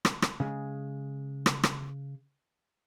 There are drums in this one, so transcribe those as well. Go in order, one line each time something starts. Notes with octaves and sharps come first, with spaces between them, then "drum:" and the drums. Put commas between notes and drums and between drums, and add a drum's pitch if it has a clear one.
drum: rim click
drum: rim click
C#3 G#3
drum: rim click
drum: rim click